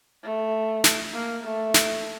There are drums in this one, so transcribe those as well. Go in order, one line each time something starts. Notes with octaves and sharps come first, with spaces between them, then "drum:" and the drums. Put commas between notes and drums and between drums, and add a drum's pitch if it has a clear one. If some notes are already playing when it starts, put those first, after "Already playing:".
A3
drum: snare
A#3
A3
drum: snare